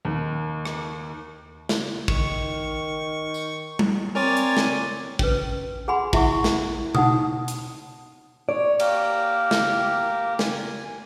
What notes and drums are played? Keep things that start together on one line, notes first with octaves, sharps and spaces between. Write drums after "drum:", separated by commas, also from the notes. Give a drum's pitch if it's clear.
D#2
drum: rim click
drum: snare
D#3 C#6, drum: kick
drum: tambourine
drum: tom G3
C4 A#4 C#5 D5 G#5 A6
drum: hi-hat
drum: snare
C#4 B4, drum: kick
G#4 F#5 G#5 B5 C6
E4 E5 F#5 C#6, drum: kick
drum: snare
D#4 F#5 D#6, drum: tom B2
drum: hi-hat
C#5 D5
A#3 G4 A#4, drum: cymbal
drum: snare
G#5, drum: snare